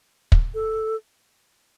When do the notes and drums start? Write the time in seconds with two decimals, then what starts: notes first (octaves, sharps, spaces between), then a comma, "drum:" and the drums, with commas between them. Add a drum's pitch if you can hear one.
0.32 drum: kick
0.54 A4